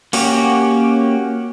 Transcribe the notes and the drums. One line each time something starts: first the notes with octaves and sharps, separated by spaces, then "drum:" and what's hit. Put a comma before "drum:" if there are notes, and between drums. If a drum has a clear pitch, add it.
A#3 C#4 F#4 G4, drum: open hi-hat